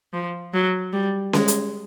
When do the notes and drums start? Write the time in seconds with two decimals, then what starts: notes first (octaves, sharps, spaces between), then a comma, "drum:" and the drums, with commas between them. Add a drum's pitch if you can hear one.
0.13 F3
0.54 F#3
0.93 G3
1.33 G#3, drum: snare C#4
1.48 drum: hi-hat